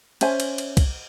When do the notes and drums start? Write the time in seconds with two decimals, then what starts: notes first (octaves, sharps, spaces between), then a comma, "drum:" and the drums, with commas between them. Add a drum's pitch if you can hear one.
0.21 C#4 C5 E5 G#5, drum: cymbal
0.40 drum: cymbal
0.58 drum: cymbal
0.77 drum: kick C2, cymbal